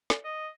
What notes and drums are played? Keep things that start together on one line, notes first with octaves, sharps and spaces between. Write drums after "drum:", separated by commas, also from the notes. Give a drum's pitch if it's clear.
drum: snare
D#5